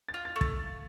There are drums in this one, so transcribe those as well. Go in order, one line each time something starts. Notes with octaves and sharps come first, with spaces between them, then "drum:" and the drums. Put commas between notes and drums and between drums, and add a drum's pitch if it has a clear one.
A6
F4
A6
A3
A6, drum: kick